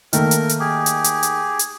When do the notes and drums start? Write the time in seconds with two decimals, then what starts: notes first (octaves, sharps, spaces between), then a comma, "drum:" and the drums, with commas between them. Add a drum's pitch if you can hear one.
0.13 D#3 A3 A#3 A#4, drum: hi-hat
0.31 drum: hi-hat
0.49 drum: hi-hat
0.60 G4 G#4
0.86 drum: hi-hat
1.04 drum: hi-hat
1.23 drum: hi-hat
1.59 drum: hi-hat